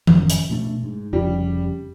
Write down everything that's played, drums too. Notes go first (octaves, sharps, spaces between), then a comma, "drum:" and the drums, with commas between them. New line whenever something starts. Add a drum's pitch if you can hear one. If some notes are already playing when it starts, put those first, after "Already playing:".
F#1 F#2, drum: tom D#3
drum: hi-hat
B2 A3 D4
G#2
F1 F2 C#3 G3